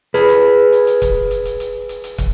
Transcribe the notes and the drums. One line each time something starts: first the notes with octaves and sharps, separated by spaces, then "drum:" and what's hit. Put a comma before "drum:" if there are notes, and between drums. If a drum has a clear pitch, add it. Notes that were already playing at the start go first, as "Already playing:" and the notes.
G#4 B4, drum: hi-hat
drum: hi-hat
drum: hi-hat
drum: hi-hat
drum: kick, hi-hat
drum: hi-hat
drum: hi-hat
drum: hi-hat
drum: hi-hat
drum: hi-hat
drum: kick, hi-hat